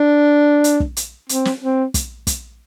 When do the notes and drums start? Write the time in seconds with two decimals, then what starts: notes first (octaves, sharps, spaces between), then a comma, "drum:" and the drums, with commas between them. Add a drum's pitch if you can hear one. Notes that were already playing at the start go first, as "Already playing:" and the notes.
Already playing: D4
0.64 drum: hi-hat
0.80 drum: kick
0.97 drum: hi-hat
1.29 C4, drum: hi-hat
1.45 drum: snare
1.62 C4
1.94 drum: kick, hi-hat
2.27 drum: kick, hi-hat